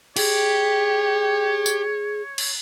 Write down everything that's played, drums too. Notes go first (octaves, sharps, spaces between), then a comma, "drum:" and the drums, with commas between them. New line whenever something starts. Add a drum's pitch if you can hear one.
G4 G#4 C#5, drum: cymbal
drum: tambourine
drum: cymbal